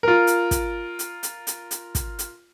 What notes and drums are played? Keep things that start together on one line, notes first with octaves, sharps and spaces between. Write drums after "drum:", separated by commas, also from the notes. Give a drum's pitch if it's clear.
F4 A#4
drum: hi-hat
drum: kick, hi-hat
drum: hi-hat
drum: hi-hat
drum: hi-hat
drum: hi-hat
drum: kick, hi-hat
drum: hi-hat